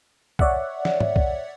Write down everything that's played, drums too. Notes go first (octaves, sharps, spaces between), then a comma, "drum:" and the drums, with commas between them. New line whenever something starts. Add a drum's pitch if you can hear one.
C#5 D5 E5 F#5, drum: kick C2
drum: snare
drum: tom G#2
drum: kick C2